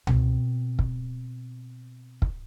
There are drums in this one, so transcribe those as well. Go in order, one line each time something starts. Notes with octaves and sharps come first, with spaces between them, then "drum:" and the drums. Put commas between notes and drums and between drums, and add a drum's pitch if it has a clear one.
B2 C4, drum: tom C#2
drum: kick
drum: kick